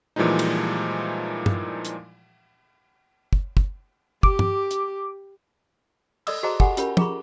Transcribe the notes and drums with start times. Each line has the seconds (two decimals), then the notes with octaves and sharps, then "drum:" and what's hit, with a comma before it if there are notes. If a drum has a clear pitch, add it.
0.16 A#2 E3 F3 G3 G#3 D#4
0.39 drum: cymbal
1.46 drum: tom
1.85 drum: hi-hat
3.33 drum: kick
3.57 drum: kick
4.23 G4 D6, drum: kick
4.39 drum: tom G2
4.71 drum: hi-hat
6.27 A4 D5 D#5 D#6 E6, drum: cymbal
6.43 F#4 G#4 C5 D#5 A5 A#5
6.60 G4 A4 F#5 G#5 B5, drum: kick
6.77 C#4 F4 G4 A#4 C#5 B5, drum: hi-hat
6.97 F4 G#4 A#5 B5 C#6, drum: tom